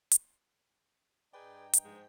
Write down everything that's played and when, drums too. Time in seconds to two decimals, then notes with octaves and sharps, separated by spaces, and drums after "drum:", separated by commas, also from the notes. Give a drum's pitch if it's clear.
0.11 drum: hi-hat
1.33 G2 G#4 B4 D5 D#5 G5 G#5 A#5
1.73 drum: hi-hat
1.84 G#2 F3 G#3